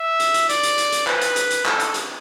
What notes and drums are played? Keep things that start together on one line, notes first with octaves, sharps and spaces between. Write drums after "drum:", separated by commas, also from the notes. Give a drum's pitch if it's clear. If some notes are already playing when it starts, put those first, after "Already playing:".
Already playing: E5
drum: hi-hat
drum: hi-hat
D5, drum: hi-hat
drum: hi-hat
drum: hi-hat
drum: hi-hat
B4, drum: clap
drum: hi-hat
drum: hi-hat
drum: hi-hat
A4, drum: clap
drum: hi-hat
drum: hi-hat